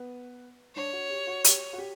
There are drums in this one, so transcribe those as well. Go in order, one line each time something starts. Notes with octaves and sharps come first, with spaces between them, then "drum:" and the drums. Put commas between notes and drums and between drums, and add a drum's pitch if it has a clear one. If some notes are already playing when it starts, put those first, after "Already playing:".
Already playing: B3
D4 C#5
F#4
G4
F#4
G4, drum: hi-hat
F#4
G4